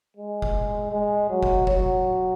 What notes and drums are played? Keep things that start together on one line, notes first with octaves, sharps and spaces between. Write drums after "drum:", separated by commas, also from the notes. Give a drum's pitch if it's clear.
G#3
drum: kick F#1
G#3
F#3
drum: kick F#1
F#3, drum: kick F#1